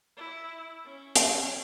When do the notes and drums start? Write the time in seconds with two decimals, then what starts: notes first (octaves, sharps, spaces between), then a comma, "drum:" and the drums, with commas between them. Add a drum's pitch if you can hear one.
0.17 E4
0.85 C#4
1.16 drum: hi-hat